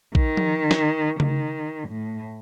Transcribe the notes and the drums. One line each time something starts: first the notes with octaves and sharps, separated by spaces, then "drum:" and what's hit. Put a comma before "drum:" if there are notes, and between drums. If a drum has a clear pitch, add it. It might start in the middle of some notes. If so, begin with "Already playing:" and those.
D#3, drum: kick A#1
drum: tom F3
drum: snare
D#3, drum: tom C#3
A2